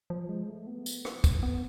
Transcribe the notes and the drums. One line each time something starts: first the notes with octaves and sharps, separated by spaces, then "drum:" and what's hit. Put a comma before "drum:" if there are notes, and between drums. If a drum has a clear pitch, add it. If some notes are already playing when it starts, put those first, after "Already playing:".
F3
G#3
A3
B3
drum: tambourine
drum: rim click
drum: kick, tambourine
B3